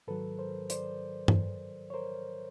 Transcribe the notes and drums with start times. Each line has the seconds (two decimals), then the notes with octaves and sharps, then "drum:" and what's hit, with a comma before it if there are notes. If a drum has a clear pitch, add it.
0.07 G#2 D#3 F#3 A4 B4
0.39 A#4 C5
0.70 C5 D5, drum: hi-hat
1.28 drum: tom G2
1.90 C#5
1.94 A#4 C5